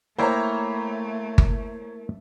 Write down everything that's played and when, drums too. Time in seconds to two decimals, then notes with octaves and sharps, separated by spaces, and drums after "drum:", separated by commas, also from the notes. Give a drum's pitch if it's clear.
0.18 A3 A#3 E4 C5 C#5 G5 A#5
1.38 drum: kick G1